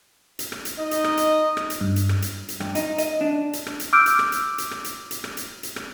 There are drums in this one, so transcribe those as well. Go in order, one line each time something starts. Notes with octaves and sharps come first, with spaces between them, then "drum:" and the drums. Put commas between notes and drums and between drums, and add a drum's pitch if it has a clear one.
drum: hi-hat
drum: rim click
drum: hi-hat
D#4 D#5
drum: hi-hat
drum: rim click
drum: hi-hat
drum: rim click
drum: hi-hat
G2
drum: hi-hat
drum: rim click
drum: hi-hat
drum: hi-hat
G2, drum: rim click
D#4, drum: hi-hat
D#5, drum: hi-hat
D4
drum: hi-hat
drum: rim click
drum: hi-hat
D6 E6 F6 G6 D7
drum: hi-hat
drum: rim click
drum: hi-hat
drum: hi-hat
drum: rim click
drum: hi-hat
drum: hi-hat
drum: rim click
drum: hi-hat
drum: hi-hat
drum: rim click